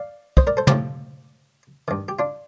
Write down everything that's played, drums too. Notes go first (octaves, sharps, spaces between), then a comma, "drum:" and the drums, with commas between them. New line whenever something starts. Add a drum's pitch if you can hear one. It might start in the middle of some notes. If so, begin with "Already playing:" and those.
Already playing: D5 F5
C5 D#5, drum: kick
A#4 D5
A4 C5
A2 F3 D#4 G4, drum: tom
G2 D#3
G4
D4 F4